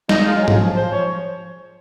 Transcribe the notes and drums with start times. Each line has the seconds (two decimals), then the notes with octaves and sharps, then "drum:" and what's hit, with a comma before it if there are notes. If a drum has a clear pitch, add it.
0.09 D#4, drum: snare
0.16 G#3
0.26 F4
0.37 F#3 G#4
0.48 drum: tom G#2
0.60 F3
0.76 C5
0.92 C#5